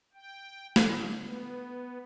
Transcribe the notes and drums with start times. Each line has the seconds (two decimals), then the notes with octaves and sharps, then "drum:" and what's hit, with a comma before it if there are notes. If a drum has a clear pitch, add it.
0.14 G5
0.76 D3, drum: snare
1.15 B3